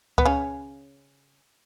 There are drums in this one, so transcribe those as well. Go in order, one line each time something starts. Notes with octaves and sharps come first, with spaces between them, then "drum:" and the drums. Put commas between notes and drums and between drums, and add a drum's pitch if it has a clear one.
B3, drum: kick C#2
C#3 C#4